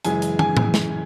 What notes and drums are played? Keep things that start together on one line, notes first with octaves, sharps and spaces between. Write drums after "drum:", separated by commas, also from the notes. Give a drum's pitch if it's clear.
F#2 C#3 E3 G#3 G#5, drum: hi-hat
drum: hi-hat
G#5, drum: tom
drum: tom A2
drum: snare